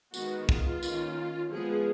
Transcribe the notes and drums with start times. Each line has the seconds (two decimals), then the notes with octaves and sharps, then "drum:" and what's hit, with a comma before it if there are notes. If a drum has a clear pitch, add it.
0.14 D#3 G#3 B3 F#4, drum: tambourine
0.49 F4, drum: kick
0.83 D#3 A#3 C#4, drum: tambourine
1.51 F3 G#3 B3 G#4